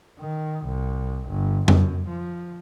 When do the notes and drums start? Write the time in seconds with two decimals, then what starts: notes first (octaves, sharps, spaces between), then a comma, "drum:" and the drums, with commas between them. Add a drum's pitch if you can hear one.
0.19 D#3
0.65 C2
1.29 G1
1.68 F#2, drum: tom F2
2.08 F3